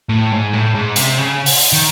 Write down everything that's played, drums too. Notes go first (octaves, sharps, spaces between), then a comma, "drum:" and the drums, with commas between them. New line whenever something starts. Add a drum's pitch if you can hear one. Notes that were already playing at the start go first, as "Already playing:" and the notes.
A2
G#2
A2
G#2
C3, drum: hi-hat
C#3
drum: open hi-hat
D#3